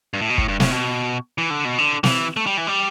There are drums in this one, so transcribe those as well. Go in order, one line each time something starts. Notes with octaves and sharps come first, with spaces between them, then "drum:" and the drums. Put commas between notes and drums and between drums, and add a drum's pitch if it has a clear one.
G2
A2
B2
A2, drum: kick
G2
A2, drum: snare
B2
E3
D3
B2
D3
E3, drum: snare
A3
G3
E3
G3